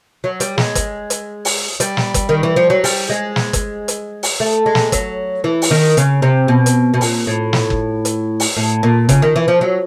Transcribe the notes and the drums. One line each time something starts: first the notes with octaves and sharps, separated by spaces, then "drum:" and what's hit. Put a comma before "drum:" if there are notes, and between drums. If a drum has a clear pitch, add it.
F#3
G3, drum: hi-hat
G#3, drum: snare
drum: kick G1, hi-hat
drum: hi-hat
drum: open hi-hat
G3, drum: hi-hat
drum: snare
drum: kick G1, hi-hat
D#3
E3
F3
F#3
G3, drum: open hi-hat
G#3
drum: snare
drum: kick G1, hi-hat
drum: hi-hat
drum: open hi-hat
A3
G#3
drum: snare
F#3, drum: kick G1, hi-hat
E3
drum: open hi-hat
D#3
C#3, drum: hi-hat
C3
B2
drum: hi-hat
B2
A#2, drum: open hi-hat
A2
drum: snare
drum: kick G1
drum: hi-hat
drum: open hi-hat
A2
A#2
C#3, drum: kick G1, hi-hat
D#3
E3
F3
F#3